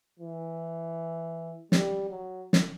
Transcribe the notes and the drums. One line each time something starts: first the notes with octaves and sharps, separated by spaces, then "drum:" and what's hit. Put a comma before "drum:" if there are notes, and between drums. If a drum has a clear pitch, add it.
E3
G3, drum: snare
F#3
drum: snare